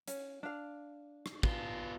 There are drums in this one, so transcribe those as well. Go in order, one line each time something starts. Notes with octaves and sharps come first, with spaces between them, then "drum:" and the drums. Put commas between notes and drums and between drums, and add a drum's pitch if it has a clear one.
C#4, drum: hi-hat
D4 F5
drum: rim click
B3 F4, drum: kick